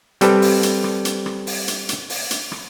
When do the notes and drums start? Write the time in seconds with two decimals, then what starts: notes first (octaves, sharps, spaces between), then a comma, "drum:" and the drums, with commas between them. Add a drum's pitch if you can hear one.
0.21 G3 C4 G4 A4 B4, drum: hi-hat
0.42 drum: open hi-hat
0.63 drum: hi-hat
0.84 drum: rim click
1.05 drum: hi-hat
1.26 drum: rim click
1.47 drum: open hi-hat
1.68 drum: hi-hat
1.89 drum: hi-hat
2.10 drum: open hi-hat
2.31 drum: hi-hat
2.52 drum: rim click